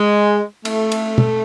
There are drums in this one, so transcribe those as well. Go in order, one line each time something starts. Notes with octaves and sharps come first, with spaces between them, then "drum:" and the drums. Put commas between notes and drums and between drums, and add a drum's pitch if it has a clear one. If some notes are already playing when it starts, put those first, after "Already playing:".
Already playing: G#3
A3, drum: cymbal
drum: cymbal
drum: tom